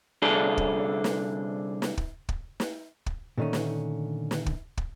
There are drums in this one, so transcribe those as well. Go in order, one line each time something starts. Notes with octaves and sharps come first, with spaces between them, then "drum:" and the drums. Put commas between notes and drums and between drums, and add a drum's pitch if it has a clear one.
C2 D3 G#4 A4
drum: kick
drum: snare
drum: snare
drum: kick
drum: kick
drum: snare
drum: kick
A#2 D3 D#3 A3 C#4
drum: snare
drum: snare
drum: kick
drum: kick